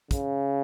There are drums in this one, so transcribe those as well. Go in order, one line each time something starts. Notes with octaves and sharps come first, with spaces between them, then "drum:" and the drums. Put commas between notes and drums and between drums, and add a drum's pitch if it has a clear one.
C#3, drum: kick, hi-hat